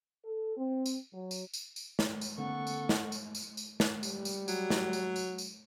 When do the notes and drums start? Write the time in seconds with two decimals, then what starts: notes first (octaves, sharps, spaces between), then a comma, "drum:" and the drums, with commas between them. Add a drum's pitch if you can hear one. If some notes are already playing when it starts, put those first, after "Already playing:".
0.24 A4
0.57 C4
0.86 drum: tambourine
1.14 F#3
1.31 drum: tambourine
1.54 drum: tambourine
1.76 drum: tambourine
1.99 drum: snare
2.21 drum: tambourine
2.38 D3 A#3 C4 A4 F#5 C#6
2.67 drum: tambourine
2.89 drum: snare
3.12 drum: tambourine
3.35 drum: tambourine
3.57 drum: tambourine
3.80 drum: snare
4.03 G3, drum: tambourine
4.25 drum: tambourine
4.48 F#3, drum: tambourine
4.70 drum: snare
4.93 drum: tambourine
5.16 drum: tambourine
5.38 drum: tambourine